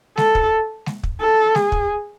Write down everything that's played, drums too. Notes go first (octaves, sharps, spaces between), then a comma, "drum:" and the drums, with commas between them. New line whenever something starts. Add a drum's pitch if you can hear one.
A4, drum: snare G#3
drum: kick
drum: snare G#3
drum: kick
A4
G#4, drum: snare G#3
drum: kick